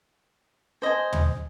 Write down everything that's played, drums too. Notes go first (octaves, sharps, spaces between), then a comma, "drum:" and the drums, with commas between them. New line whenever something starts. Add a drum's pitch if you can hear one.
C5 D#5 G#5
drum: tom